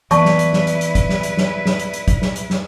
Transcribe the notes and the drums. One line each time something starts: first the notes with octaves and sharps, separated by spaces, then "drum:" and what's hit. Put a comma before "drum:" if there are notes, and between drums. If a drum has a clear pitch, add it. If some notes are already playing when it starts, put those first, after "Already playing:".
E3 A#3 B3 E4 B4 D5 A5 C#6, drum: hi-hat
drum: snare
drum: hi-hat
drum: snare
drum: hi-hat
drum: hi-hat
drum: kick, hi-hat
drum: snare
drum: hi-hat
drum: snare
drum: snare
drum: hi-hat
drum: hi-hat
drum: kick, hi-hat
drum: snare
drum: hi-hat
drum: snare